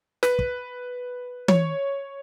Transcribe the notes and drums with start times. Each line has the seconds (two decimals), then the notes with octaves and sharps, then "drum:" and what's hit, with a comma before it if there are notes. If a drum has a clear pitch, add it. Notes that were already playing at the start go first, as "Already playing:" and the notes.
0.23 B4, drum: snare
0.39 drum: kick
1.48 C#5, drum: tom